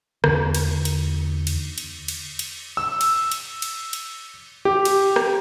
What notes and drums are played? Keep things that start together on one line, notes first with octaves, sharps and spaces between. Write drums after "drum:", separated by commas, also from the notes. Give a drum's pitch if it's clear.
E2 D3, drum: rim click
drum: cymbal
drum: cymbal
drum: cymbal
drum: cymbal
drum: cymbal
drum: cymbal
E6
drum: cymbal
drum: cymbal
drum: cymbal
drum: cymbal
G4
drum: cymbal
drum: rim click